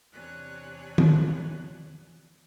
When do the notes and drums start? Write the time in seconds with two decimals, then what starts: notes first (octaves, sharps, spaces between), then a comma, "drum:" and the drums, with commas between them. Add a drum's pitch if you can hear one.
0.12 E2 C3 D4 C#5 G#5 F#6
0.98 drum: tom